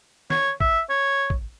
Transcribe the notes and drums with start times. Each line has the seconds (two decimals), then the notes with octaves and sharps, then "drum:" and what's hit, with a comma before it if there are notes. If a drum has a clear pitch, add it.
0.30 C#5, drum: snare
0.61 E5, drum: kick
0.90 C#5
1.30 drum: kick